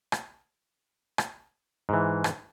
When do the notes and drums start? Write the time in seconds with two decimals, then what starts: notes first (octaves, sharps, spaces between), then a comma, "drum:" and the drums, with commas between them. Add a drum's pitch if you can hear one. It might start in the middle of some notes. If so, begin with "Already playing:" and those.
0.12 drum: rim click
1.18 drum: rim click
1.89 G#2 E3
2.24 drum: rim click